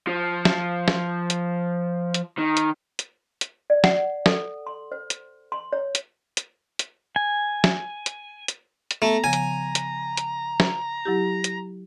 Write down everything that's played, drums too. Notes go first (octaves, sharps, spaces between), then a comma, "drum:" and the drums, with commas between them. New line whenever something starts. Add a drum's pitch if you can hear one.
F3
drum: snare
drum: snare
drum: hi-hat
drum: hi-hat
D#3
drum: hi-hat
drum: hi-hat
drum: hi-hat
D5
F#5, drum: snare
A4, drum: snare
C6
C5
drum: hi-hat
C6
C#5
drum: hi-hat
drum: hi-hat
drum: hi-hat
G#5
drum: snare
drum: hi-hat
drum: hi-hat
drum: hi-hat
A3 B3 A#5
C#3 F3 G#5
drum: hi-hat
drum: hi-hat
drum: hi-hat
drum: snare
F#3 E4 G4
drum: hi-hat